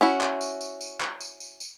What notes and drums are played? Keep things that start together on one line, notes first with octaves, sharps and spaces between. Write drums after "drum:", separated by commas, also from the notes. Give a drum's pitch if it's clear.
C#4 E4 F#4
drum: clap
drum: tambourine
drum: tambourine
drum: tambourine
drum: clap
drum: tambourine
drum: tambourine
drum: tambourine